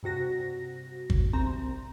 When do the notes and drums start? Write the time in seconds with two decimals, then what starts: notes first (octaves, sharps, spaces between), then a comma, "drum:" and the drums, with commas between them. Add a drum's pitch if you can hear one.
0.03 G2 C3 F#4 A#6
1.10 drum: kick
1.33 C2 C4 A#5